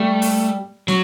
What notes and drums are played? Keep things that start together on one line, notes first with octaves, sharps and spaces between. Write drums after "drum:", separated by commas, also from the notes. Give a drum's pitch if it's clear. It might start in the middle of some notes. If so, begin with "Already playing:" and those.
Already playing: G3 A3
drum: open hi-hat
F#3, drum: snare